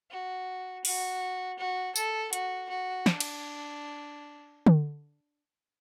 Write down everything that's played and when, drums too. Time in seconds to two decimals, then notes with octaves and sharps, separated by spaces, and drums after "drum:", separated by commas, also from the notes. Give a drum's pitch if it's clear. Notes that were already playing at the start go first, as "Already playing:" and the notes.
0.11 F#4
0.85 F#4, drum: open hi-hat
1.59 F#4
1.96 A4, drum: tambourine
2.33 F#4, drum: hi-hat
2.70 F#4
3.06 D4, drum: snare
3.20 drum: cymbal
4.66 drum: tom D3